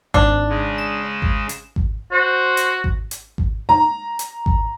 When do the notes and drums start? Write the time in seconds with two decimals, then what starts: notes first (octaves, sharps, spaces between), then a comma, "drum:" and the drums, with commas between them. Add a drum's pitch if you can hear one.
0.14 G#1 D4, drum: kick G#1
0.50 C#3 G#3
0.78 E7
1.22 drum: kick G#1
1.49 drum: hi-hat
1.76 drum: kick G#1
2.12 F#4 C5
2.57 drum: hi-hat
2.84 drum: kick G#1
3.11 drum: hi-hat
3.38 drum: kick G#1
3.69 A#5
4.19 drum: hi-hat
4.46 drum: kick G#1